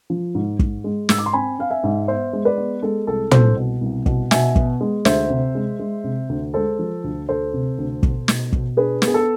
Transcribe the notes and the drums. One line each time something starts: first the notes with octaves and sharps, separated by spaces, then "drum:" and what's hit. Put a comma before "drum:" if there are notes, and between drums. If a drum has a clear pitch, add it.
F3
G#2
G#2, drum: kick
G#3
G#2 E6, drum: snare
D6
C6
C4 G#5 B5
C4 F5
E5 G#5
G#2
B3 C5 E5
G#3
B4 D5
B3
G#3 A4
C2 A4
C2 A4 C5, drum: tom
B2
C2
B2, drum: kick
B2 E5 G#5, drum: snare
B3, drum: kick
G#3
D2 C5 E5, drum: snare
C3
G#3
G#3
C3
D2
G#3 A4 C5
F3
D2
D2 A4 C5
C3
D2
B2, drum: kick
B2, drum: snare
B2, drum: kick
D4 G#4 B4
B3, drum: snare
G#4
A4